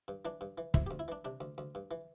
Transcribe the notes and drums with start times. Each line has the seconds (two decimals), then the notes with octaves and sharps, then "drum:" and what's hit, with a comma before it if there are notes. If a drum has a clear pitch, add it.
0.08 G2
0.25 E3 D4
0.41 G2
0.58 E3
0.74 D2 E4, drum: kick
0.86 G4
0.91 D2
0.99 E4
1.08 E3 D4
1.25 C3 D4
1.41 D2
1.58 D2
1.75 G2
1.91 E3